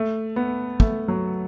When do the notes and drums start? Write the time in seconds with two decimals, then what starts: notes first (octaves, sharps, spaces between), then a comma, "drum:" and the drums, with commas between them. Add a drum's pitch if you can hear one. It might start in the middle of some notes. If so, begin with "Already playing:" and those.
Already playing: A3
0.36 B3
0.80 A3, drum: kick
1.08 F#3